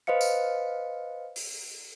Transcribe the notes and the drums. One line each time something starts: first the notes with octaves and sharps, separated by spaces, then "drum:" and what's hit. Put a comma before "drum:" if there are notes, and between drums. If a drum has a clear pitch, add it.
B4 C5 D#5 F5 C#7
drum: tambourine
drum: open hi-hat